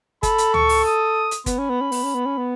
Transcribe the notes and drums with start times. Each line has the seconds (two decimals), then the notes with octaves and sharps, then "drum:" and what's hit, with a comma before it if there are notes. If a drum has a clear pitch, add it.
0.23 A4 B5, drum: kick G1, hi-hat
0.38 drum: hi-hat
0.54 C#6, drum: tom C#2
0.69 drum: open hi-hat
0.85 D#6
1.31 drum: hi-hat
1.46 B3 B5, drum: kick G1, hi-hat
1.58 C#4
1.70 B3
1.81 C#4
1.92 B3, drum: open hi-hat
2.04 C#4
2.15 B3
2.26 C#4
2.38 B3